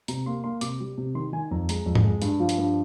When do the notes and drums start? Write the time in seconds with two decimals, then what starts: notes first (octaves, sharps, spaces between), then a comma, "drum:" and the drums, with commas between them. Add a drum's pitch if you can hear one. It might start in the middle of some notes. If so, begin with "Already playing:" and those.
0.08 C3 A#5, drum: hi-hat
0.26 A#3 C6
0.44 A#3 C6
0.61 C3 D6, drum: hi-hat
0.80 G3
0.98 C3
1.15 D#3 C6
1.33 D#3 G#5
1.51 F2 A#5
1.69 G#3 A#5, drum: hi-hat
1.86 F2
1.95 drum: tom G#2
2.05 G#3
2.22 G2, drum: hi-hat
2.40 F3
2.49 drum: hi-hat
2.58 G2